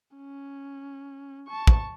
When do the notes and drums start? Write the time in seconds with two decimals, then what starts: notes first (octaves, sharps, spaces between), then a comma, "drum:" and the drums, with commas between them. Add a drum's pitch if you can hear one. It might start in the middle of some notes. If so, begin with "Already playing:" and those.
0.17 C#4
1.48 A5 C#6
1.67 drum: kick